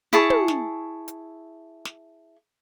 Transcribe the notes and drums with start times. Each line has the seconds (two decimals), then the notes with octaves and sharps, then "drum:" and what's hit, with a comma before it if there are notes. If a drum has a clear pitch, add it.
0.13 E4 G#4 A5 C#6, drum: hi-hat
0.30 drum: tom
0.48 drum: snare
1.08 drum: hi-hat
1.85 drum: snare